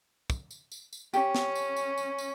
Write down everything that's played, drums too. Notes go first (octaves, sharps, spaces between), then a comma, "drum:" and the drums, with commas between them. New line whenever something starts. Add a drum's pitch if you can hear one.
drum: kick, tambourine
drum: tambourine
drum: tambourine
drum: tambourine
C#4 G4, drum: tambourine
drum: snare
drum: tambourine
drum: tambourine
drum: tambourine
drum: tambourine